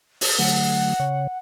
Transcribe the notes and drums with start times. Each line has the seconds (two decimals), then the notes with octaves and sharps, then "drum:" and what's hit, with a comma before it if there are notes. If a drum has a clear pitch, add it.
0.21 drum: open hi-hat
0.39 D3 F#3 A3 F#5
1.00 C#3 C#5